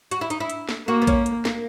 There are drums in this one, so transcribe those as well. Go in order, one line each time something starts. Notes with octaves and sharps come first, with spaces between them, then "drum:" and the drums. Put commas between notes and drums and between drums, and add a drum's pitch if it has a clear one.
F#4, drum: hi-hat
E4
D#4, drum: hi-hat
E4
drum: hi-hat
drum: snare
A#3 F#4
B3
C#4, drum: kick A#1, hi-hat
drum: hi-hat
A#3, drum: snare